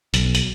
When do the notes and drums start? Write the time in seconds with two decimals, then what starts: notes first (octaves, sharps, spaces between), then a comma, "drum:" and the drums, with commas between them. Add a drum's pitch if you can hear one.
0.14 B1, drum: hi-hat
0.35 drum: hi-hat